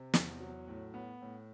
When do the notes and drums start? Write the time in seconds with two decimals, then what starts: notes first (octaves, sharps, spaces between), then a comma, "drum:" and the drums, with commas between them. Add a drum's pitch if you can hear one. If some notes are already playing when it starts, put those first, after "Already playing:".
Already playing: C3
0.14 E2, drum: snare
0.40 F#3
0.68 A2
0.94 B3
1.22 A2